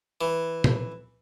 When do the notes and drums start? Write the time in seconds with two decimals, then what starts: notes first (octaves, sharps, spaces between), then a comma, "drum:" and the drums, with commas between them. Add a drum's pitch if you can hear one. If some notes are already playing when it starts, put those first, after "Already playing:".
0.21 E3
0.64 drum: tom A#2